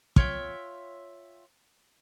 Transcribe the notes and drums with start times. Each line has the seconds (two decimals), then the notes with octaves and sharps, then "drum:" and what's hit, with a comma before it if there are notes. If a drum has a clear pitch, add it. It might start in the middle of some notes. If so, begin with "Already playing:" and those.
0.16 F4 C#5 E5 G5, drum: kick